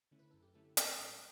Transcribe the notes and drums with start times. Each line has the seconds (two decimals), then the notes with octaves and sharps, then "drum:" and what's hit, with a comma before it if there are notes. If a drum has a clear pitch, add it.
0.11 D3 A3 C#4 E4
0.19 B4
0.31 F#2 A4
0.42 G4
0.54 D3 A3 C#4 E4 A4
0.77 A1 A4, drum: hi-hat
0.98 A2 F#3